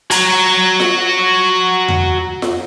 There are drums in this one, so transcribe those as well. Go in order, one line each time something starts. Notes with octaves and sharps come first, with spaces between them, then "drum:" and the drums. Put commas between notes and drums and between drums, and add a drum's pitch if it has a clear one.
F#4 A#5, drum: hi-hat
drum: snare F4
drum: tom E2
drum: snare F4